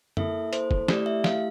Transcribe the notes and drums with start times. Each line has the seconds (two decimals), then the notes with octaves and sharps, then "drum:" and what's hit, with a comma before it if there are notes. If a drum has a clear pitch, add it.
0.17 A#3 E4 A4 E5, drum: tom F#2
0.53 C5, drum: hi-hat
0.71 drum: kick
0.88 A3 E4 G4 D5, drum: snare
1.06 E5
1.24 F5, drum: snare